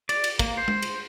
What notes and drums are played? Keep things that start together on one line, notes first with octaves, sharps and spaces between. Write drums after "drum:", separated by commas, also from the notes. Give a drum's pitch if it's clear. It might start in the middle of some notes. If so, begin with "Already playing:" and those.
D5, drum: cymbal
drum: cymbal
A#3, drum: kick, cymbal
C5
drum: tom G#3
drum: cymbal